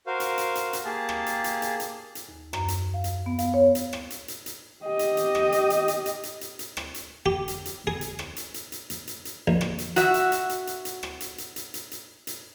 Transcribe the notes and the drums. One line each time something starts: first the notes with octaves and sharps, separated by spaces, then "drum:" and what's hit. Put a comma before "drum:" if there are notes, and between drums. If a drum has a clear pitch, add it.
F#4 A#4 C5 F5
drum: hi-hat
drum: hi-hat
drum: hi-hat
drum: hi-hat
A#3 G4 G#4 A5
drum: rim click
drum: hi-hat
drum: hi-hat
drum: hi-hat
drum: hi-hat
drum: hi-hat
D#2
F#2, drum: rim click
drum: hi-hat
F5
drum: hi-hat
B3
F5, drum: hi-hat
C#5
drum: hi-hat
drum: rim click
drum: hi-hat
drum: hi-hat
drum: hi-hat
G4 D#5
drum: hi-hat
drum: hi-hat
drum: rim click
drum: hi-hat
drum: hi-hat
drum: hi-hat
drum: hi-hat
drum: hi-hat
drum: hi-hat
drum: hi-hat
drum: rim click
drum: hi-hat
G4
drum: hi-hat
drum: hi-hat
G#4
drum: hi-hat
drum: rim click
drum: hi-hat
drum: hi-hat
drum: hi-hat
drum: hi-hat
drum: hi-hat
drum: hi-hat
A#1
drum: rim click
drum: hi-hat
F#4 E5, drum: hi-hat
drum: hi-hat
drum: hi-hat
drum: hi-hat
drum: hi-hat
drum: hi-hat
drum: rim click
drum: hi-hat
drum: hi-hat
drum: hi-hat
drum: hi-hat
drum: hi-hat
drum: hi-hat